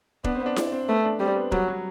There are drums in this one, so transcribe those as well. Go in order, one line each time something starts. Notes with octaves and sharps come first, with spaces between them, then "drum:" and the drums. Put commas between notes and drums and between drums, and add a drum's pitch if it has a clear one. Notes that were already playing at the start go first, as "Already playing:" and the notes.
B3 D4, drum: kick E1
C4
D4
drum: snare E4
C4
A3 B3
D4
G3 C4
B3
F#3 G3, drum: kick E1
F#3